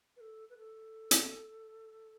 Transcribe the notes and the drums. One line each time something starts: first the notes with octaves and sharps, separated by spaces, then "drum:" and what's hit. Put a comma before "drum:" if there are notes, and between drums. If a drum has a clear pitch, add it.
B4
A4
B4
A4
drum: hi-hat